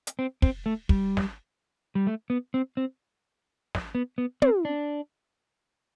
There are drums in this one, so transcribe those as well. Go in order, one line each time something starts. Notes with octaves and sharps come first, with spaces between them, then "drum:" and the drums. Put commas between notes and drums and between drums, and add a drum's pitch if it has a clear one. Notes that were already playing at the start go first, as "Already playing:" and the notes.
drum: hi-hat
C4
C4, drum: kick
A3
G3, drum: kick
drum: snare
G3
A3
B3
C4
C4
drum: snare
B3
B3
C4, drum: tom
D4